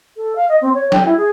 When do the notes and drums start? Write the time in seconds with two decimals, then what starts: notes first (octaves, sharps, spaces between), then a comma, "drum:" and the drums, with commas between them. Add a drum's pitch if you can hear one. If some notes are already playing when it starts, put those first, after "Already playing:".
0.17 A4
0.36 F5
0.49 D#5
0.61 C4
0.74 C#5
0.92 G5, drum: snare
1.05 E4
1.17 G#4